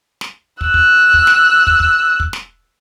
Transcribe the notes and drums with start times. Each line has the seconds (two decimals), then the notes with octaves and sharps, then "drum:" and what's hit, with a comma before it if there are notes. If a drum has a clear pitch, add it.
0.21 drum: snare
0.61 E6 F#6, drum: kick
0.74 drum: kick
1.14 drum: kick
1.27 drum: snare
1.67 drum: kick
1.80 drum: kick
2.20 drum: kick
2.33 drum: snare